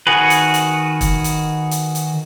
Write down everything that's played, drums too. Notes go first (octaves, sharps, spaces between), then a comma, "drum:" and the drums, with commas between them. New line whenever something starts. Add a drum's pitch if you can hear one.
D#3 F#4 G#4 B4
drum: hi-hat
drum: hi-hat
drum: kick, hi-hat
drum: hi-hat
drum: hi-hat
drum: hi-hat